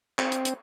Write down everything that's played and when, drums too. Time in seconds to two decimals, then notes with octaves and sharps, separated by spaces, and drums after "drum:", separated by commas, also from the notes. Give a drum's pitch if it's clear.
0.19 C4, drum: clap
0.32 drum: hi-hat
0.45 drum: hi-hat